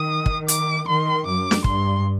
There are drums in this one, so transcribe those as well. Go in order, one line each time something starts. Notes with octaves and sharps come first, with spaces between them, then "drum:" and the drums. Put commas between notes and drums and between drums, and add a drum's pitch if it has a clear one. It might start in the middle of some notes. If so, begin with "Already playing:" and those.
Already playing: D#3 D#6
drum: kick
D6, drum: hi-hat
D#3 C6
F#2 D6
drum: snare
G2 C6, drum: kick